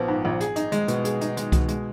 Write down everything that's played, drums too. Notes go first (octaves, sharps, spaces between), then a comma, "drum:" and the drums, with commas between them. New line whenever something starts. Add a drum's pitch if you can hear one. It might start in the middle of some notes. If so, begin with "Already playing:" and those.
Already playing: A#1 F3 B3
G#2
A#1
G#4, drum: hi-hat
D#4, drum: hi-hat
G#3, drum: hi-hat
B2, drum: hi-hat
G#4, drum: hi-hat
D#4, drum: hi-hat
G#3, drum: hi-hat
B2, drum: kick C2, hi-hat
G#3, drum: hi-hat